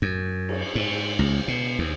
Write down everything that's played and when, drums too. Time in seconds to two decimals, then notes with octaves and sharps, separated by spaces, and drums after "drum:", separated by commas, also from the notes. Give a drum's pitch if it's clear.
0.02 F#2
0.49 drum: cymbal
0.75 G#2
1.19 C#2
1.48 B2
1.79 D#2